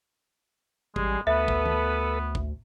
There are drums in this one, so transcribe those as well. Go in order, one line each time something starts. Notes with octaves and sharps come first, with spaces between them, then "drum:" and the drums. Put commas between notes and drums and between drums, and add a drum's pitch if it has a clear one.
A1 G3 G#3 G#4, drum: kick
D2 B3 A4 B4 E5
drum: kick
drum: tom D#3
drum: kick